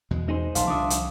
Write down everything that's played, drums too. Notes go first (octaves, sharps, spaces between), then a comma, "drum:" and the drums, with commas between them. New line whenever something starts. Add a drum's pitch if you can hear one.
E2 B2 G#3
D#4 G#4 C5
A#1 F5 A5 C6, drum: hi-hat
C2 D3 F3 D4 E5 D6 D#6
drum: hi-hat